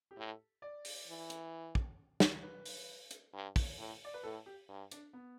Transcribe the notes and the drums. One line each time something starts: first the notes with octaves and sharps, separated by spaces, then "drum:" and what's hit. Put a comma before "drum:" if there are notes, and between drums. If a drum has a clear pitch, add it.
G4
A2 A4
D5
drum: open hi-hat
E3
drum: hi-hat
drum: kick
drum: snare
B4
drum: open hi-hat
drum: hi-hat
G2
drum: kick, open hi-hat
A2
D5
B4
A2 A4
G4
G2
D4, drum: hi-hat
B3